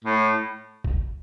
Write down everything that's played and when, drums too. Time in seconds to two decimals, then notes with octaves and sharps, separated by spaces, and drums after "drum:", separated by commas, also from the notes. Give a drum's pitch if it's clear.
0.04 A2
0.84 drum: kick